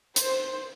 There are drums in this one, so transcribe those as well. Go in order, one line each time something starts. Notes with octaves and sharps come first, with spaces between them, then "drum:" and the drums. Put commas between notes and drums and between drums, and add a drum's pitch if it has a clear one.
C5, drum: hi-hat